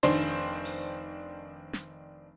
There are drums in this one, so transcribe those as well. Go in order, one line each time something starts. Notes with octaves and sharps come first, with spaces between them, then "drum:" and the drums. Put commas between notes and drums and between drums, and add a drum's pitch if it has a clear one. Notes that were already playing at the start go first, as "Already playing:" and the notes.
F1 D#3 D4 C5 C6, drum: snare
drum: open hi-hat
drum: snare